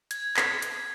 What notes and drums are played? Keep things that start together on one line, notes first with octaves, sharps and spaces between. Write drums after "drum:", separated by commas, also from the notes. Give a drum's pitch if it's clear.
G#6, drum: hi-hat
drum: clap
drum: hi-hat